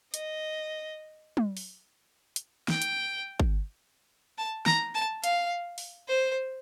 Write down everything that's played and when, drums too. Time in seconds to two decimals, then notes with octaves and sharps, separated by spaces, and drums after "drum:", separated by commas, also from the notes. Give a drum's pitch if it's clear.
0.14 D#5, drum: hi-hat
1.37 drum: tom
1.57 drum: open hi-hat
2.36 drum: hi-hat
2.68 G5, drum: snare
2.82 drum: hi-hat
3.40 drum: kick
4.39 A5
4.66 A#5, drum: snare
4.95 A5
5.24 F5, drum: hi-hat
5.78 drum: open hi-hat
6.08 C5